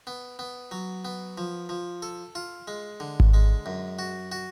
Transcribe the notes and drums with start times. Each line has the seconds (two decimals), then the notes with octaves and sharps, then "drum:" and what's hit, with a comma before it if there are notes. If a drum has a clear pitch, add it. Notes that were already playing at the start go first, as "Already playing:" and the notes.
0.07 B3
0.39 B3
0.71 F#3
1.05 B3
1.38 F3
1.69 F3
2.02 A4
2.35 F4
2.68 G#3
3.00 D3
3.20 drum: kick G#1
3.34 G#3
3.66 F#2
3.99 F#4
4.32 F#4